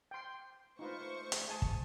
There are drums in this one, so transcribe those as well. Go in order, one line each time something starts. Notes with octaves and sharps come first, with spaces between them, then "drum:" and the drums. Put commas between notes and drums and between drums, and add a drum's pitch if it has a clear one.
G5 C6
A3 D#4 F4 B4 C5 C#6
drum: hi-hat
G#4 G#5 A5
drum: kick